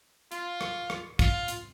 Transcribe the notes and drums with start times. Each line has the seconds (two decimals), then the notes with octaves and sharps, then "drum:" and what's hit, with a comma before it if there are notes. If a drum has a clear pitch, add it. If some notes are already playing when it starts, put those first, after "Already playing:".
0.32 F4, drum: hi-hat
0.61 drum: rim click
0.90 drum: rim click
1.19 F4, drum: kick, hi-hat
1.48 drum: hi-hat